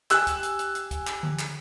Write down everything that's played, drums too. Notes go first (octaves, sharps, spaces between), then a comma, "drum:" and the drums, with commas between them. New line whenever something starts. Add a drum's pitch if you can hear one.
G4 G#5 E6 F#6, drum: clap
drum: kick, hi-hat
drum: hi-hat
drum: hi-hat
drum: hi-hat
drum: kick, hi-hat
drum: clap
drum: tom D3
drum: clap